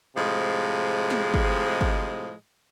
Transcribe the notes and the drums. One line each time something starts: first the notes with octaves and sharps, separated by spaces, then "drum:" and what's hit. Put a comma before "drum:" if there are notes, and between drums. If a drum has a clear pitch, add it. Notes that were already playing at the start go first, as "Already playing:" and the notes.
A2 C3 F3 G#3
drum: snare
drum: kick
drum: kick